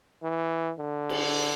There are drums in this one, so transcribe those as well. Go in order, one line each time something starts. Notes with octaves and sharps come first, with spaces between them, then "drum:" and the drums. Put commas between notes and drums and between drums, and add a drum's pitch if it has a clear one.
E3
D3
drum: cymbal